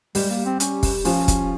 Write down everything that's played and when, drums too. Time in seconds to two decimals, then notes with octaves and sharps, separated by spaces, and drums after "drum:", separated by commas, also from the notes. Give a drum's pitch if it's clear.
0.15 G3 G#3 G4, drum: open hi-hat
0.30 A#3
0.45 C4
0.60 C#4, drum: hi-hat
0.83 drum: kick, open hi-hat
1.05 F3 C#4 F4, drum: open hi-hat
1.28 drum: kick, hi-hat